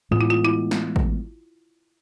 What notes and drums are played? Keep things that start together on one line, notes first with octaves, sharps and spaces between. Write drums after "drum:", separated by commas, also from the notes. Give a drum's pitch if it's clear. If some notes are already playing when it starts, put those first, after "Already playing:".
A2 E3 G#3 B3 F4
E4
F4
E4
drum: snare
drum: kick